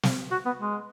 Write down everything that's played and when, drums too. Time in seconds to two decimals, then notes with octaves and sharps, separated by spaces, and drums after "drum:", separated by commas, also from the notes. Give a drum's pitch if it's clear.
0.03 drum: snare
0.31 F#4
0.46 B3
0.60 G#3